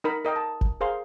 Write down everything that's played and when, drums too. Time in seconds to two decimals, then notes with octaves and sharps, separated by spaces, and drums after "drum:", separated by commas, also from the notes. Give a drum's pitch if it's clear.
0.04 D#4 A#4 B5
0.25 A#4 D#5 G5 D#6
0.36 A5
0.61 drum: kick F#1
0.81 G#4 A#4 C5 F5 C6